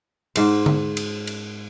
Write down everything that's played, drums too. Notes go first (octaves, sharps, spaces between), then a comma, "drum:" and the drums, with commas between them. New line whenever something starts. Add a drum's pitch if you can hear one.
G#2 C5, drum: cymbal
drum: tom D3
drum: cymbal
drum: cymbal